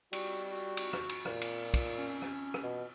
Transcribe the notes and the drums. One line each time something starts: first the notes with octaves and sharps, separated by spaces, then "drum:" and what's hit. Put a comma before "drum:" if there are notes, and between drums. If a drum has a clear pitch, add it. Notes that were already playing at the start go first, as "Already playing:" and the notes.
G3 F#4, drum: cymbal
F#4
drum: cymbal
drum: rim click
drum: cymbal
A#2, drum: rim click
drum: cymbal
drum: kick, cymbal
C#4
drum: rim click
drum: rim click
B2